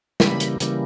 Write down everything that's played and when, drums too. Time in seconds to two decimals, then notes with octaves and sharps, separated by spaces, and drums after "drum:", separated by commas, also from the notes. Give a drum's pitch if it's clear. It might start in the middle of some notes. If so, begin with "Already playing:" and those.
0.20 C#3 E3 G3 A#3 B5, drum: snare
0.40 drum: hi-hat
0.60 C#3 E3 G3 A#3, drum: hi-hat